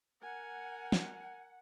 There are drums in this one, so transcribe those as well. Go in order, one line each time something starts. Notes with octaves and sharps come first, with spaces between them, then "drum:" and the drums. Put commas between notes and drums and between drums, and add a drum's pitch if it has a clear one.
A#4 F#5 G#5
drum: snare